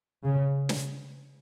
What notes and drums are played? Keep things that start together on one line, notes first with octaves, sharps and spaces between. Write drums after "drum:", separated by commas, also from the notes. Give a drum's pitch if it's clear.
C#3
drum: snare